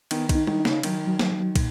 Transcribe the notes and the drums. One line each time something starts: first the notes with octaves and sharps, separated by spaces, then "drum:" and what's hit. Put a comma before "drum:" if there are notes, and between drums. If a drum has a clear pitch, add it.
D#3 B3, drum: cymbal
D#3, drum: kick, cymbal
D#4
D#3, drum: tom G3
D#4
C#3, drum: snare
D#3 F#3, drum: cymbal
F#3
drum: snare
F#3
A#2, drum: kick, cymbal